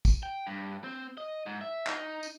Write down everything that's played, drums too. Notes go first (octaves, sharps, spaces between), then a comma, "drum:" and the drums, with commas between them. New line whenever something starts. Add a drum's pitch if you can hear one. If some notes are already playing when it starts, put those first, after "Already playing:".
drum: kick, tambourine
G5
G2
C4
D#5
G#2
E5
D#4, drum: clap
drum: tambourine